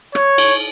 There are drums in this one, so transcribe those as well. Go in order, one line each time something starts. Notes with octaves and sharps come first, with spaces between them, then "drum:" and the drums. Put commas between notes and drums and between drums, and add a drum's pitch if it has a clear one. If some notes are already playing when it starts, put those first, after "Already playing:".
C#5, drum: rim click
drum: cymbal